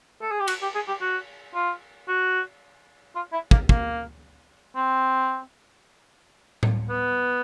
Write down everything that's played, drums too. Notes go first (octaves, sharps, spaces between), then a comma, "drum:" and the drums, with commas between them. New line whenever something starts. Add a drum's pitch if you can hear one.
A4
G#4
G4
F#4, drum: cymbal
G4
G#4
G4
F#4
F4
F#4
F4
E4
A#3, drum: kick
A#3, drum: kick
C4
drum: tom A2
B3